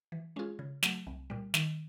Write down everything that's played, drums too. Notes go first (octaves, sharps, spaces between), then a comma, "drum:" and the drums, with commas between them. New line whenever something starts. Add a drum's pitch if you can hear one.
E3
G#3 C#4 F4 G#4
C#3
F#3 A3, drum: snare
C2
A#2 G3
D#3, drum: snare